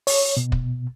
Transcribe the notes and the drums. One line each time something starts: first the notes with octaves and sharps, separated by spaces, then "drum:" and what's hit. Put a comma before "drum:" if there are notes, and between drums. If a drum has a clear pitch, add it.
C#5, drum: open hi-hat
B2
drum: kick